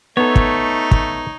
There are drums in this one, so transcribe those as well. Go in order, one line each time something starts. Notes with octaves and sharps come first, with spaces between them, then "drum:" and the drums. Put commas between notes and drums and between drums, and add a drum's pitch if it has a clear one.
A3 B3 D#4 A4 C#5
drum: kick
drum: kick